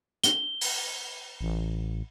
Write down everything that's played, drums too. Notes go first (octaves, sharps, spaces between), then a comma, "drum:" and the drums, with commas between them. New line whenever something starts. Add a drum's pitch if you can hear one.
G7, drum: hi-hat
drum: open hi-hat
A1